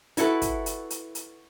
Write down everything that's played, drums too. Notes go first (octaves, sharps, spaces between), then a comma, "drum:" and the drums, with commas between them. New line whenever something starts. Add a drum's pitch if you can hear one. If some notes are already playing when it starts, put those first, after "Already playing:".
E4 F#4 A4 B4, drum: hi-hat
drum: kick, hi-hat
drum: hi-hat
drum: hi-hat
drum: hi-hat